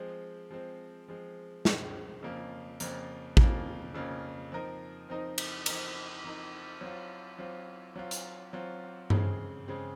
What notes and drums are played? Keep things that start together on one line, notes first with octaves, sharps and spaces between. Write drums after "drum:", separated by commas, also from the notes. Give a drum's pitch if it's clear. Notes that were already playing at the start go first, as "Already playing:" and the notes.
Already playing: F3 G#3 C4
F3 G#3 C4
F3 G#3 C4
F3 G#3 C4, drum: snare
F2 C#3 F3 A#3
F2 C#3 F3 A#3, drum: hi-hat
F2 C#3 F3 A#3, drum: kick A1
F2 C#3 F3 A#3
F3 C4 D#4 A#4 D#5
F3 C4 D#4 A#4 D#5
drum: cymbal
F3 C4 D#4 A#4 D#5, drum: cymbal
F3 C4 D#4 A#4 D#5
F#3 C4 F4
F#3 C4 F4
F#3 C4 F4
drum: hi-hat
F#3 C4 F4
C#3 G#3 C4, drum: tom G2
C#3 G#3 C4